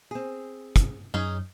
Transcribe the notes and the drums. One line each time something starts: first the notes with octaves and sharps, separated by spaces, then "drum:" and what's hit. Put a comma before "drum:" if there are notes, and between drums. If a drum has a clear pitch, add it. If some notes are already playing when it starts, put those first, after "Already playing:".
C4 G#4
drum: kick, hi-hat
F#2 C#4 D#4 G#4